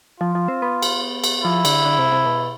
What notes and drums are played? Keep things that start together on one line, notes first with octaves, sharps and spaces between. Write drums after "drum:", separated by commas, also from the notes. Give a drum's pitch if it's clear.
F3 F4
F3
C4
B3
drum: cymbal
drum: cymbal
F3 E4
D3, drum: cymbal
D3
C3
C3
B2